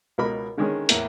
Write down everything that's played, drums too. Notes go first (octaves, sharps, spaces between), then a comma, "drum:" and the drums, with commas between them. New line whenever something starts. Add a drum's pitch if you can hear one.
C#2 B2 A#4 D#5 B5
D3 D#3 G#3 C#4 G#4
E2 A2 A#3 E4 A#4, drum: hi-hat